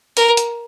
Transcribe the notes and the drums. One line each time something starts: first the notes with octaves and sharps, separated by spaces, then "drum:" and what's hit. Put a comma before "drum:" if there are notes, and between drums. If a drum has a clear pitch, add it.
A#4, drum: hi-hat
drum: hi-hat